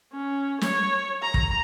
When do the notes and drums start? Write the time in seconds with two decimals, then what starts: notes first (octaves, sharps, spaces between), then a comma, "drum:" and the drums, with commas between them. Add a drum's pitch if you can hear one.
0.13 C#4
0.61 C#5, drum: snare
1.23 A#5
1.34 drum: kick